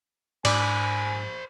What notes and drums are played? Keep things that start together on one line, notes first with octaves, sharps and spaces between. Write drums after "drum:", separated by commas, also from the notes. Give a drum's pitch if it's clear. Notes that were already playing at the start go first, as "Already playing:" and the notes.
G#2 C#4 D4 C5 D5 G#5 B5, drum: cymbal